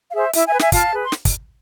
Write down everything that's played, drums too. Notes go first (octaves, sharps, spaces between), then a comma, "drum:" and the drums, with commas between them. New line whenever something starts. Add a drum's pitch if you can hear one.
F5
G#4 C5 E5
E4 E5, drum: hi-hat
E5 G#5
B4
E5 G#5, drum: snare
F4 F5 A5, drum: kick, hi-hat
G#4 B4
C6
drum: snare
drum: kick, hi-hat